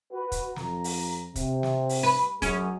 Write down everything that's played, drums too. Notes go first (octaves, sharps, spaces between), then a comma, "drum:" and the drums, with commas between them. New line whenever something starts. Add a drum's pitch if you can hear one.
F#4 B4
drum: kick, hi-hat
F2 A#5, drum: snare
drum: open hi-hat
C3, drum: kick, hi-hat
drum: snare
drum: open hi-hat
B4
F#2 C#4 G#4, drum: kick, hi-hat